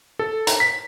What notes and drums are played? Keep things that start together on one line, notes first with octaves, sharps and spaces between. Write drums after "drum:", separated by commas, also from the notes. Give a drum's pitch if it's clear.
A4
A#5, drum: hi-hat
B6